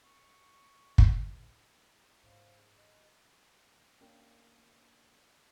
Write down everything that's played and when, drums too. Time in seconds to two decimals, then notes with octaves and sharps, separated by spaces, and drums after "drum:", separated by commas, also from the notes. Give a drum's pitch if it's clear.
0.04 C#6
0.98 drum: kick
2.23 G#2 C#4 C5 C#5 F5
2.56 G#4
2.69 D#3 E3 G#3
4.01 A#3 C#4 D4 G5